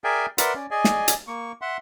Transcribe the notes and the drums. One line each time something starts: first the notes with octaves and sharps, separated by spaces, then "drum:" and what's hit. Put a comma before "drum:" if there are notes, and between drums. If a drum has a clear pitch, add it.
G#4 A#4 D5 E5 G5 G#5
A#4 B4 D5 E5 F#5 C6, drum: hi-hat
C#4 D5
G#4 D5 D#5 G#5
drum: snare
drum: hi-hat
A#3 C#6
E5 F#5 C6